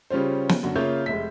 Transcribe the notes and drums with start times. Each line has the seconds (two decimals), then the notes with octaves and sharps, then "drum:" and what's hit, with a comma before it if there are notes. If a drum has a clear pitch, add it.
0.10 C#3 G3 C#4 F4 C5
0.50 drum: snare
0.63 F#2 D3 F#4
0.76 C#3 A#3 F4 C#5 E5 G6
1.06 F1 G#3 E5 B6